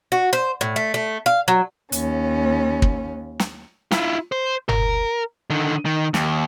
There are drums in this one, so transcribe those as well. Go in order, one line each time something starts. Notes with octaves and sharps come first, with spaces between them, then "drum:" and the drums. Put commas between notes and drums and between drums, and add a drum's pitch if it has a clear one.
F#4
C5
A2
A3
A3
F5
F#3
D#2 C#4, drum: hi-hat
drum: kick
drum: snare
E4 F4, drum: snare
C5
A#4, drum: tom F#1
D3 D#3
D#3
D#2, drum: snare